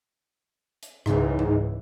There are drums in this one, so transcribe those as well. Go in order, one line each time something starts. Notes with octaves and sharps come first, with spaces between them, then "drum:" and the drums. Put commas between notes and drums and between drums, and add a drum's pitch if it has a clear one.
drum: hi-hat
C#2 G#2 C#3 E3, drum: rim click
drum: tom G#2